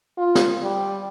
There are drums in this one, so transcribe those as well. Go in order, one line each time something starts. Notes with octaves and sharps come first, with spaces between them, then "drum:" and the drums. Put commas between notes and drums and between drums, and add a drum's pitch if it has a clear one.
F4
drum: snare
G3